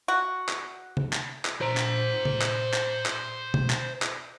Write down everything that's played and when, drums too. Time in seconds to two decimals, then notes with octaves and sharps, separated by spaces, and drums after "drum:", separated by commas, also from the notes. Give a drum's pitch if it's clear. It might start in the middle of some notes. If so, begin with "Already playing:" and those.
0.08 F#4
0.49 drum: clap
0.97 drum: tom C3
1.13 drum: clap
1.45 drum: clap
1.61 C5 A#5
1.77 drum: clap
2.25 drum: tom C3
2.41 drum: clap
2.74 drum: clap
3.06 drum: clap
3.54 drum: tom B2
3.70 drum: clap
4.02 drum: clap